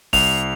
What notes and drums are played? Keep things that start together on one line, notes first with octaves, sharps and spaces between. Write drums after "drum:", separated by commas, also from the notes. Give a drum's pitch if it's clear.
C2 F7, drum: kick, open hi-hat